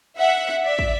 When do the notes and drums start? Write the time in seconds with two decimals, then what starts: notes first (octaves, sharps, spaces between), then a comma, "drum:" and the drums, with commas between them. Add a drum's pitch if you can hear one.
0.18 E5 F#5
0.49 drum: snare
0.63 D5 E5
0.79 drum: kick